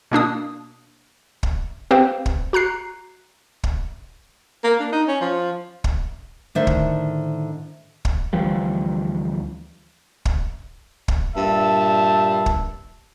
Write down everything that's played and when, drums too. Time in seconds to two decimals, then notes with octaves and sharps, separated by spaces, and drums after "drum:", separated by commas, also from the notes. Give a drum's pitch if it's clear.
0.11 B2 A#3 D4 D#6
1.43 drum: kick
1.91 C4 G4 B4 C5 F5 G5
2.26 drum: kick
2.53 F#4 A#5 F#6 C7
3.64 drum: kick
4.64 A#3
4.79 D4
4.93 D#4
5.08 C#4
5.21 F3
5.84 drum: kick
6.55 A2 D3 D#3 D4 C5 E5
6.67 drum: kick
8.05 drum: kick
8.33 D2 E3 F3 G3
10.25 drum: kick
11.08 drum: kick
11.35 G2 A#2 E5 A5
12.46 drum: kick